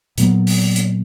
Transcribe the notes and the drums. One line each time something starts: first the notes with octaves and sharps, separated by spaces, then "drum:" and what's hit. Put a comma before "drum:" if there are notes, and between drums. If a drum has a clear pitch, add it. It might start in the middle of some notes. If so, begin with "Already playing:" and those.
A#2 F#3 B3, drum: hi-hat
drum: open hi-hat
drum: hi-hat